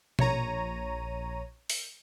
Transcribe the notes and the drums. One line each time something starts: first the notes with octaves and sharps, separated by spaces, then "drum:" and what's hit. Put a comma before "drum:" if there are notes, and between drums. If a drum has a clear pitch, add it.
A#1 C#5 A#5 D#7, drum: tom B2
drum: open hi-hat